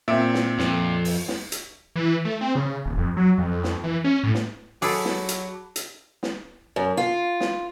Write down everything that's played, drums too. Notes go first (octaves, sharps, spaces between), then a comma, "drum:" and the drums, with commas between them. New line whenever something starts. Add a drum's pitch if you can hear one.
A#2 C4 E5 D7
drum: snare
F2, drum: snare
drum: open hi-hat
drum: snare
drum: hi-hat
E3
A3
C4
C#3
D#1
F2
F#3
F2
drum: snare
E3
C#4
A2
drum: snare
F#3 G#4 A4 A5 B5 D6, drum: open hi-hat
drum: snare
drum: hi-hat
drum: hi-hat
drum: snare
F#2
F4
drum: snare